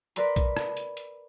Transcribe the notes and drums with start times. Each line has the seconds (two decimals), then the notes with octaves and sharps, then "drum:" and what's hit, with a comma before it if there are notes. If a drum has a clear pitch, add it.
0.16 A#4 B4 D5 B5 C6, drum: hi-hat
0.36 drum: kick A#1, hi-hat
0.57 drum: rim click
0.77 drum: hi-hat
0.97 drum: hi-hat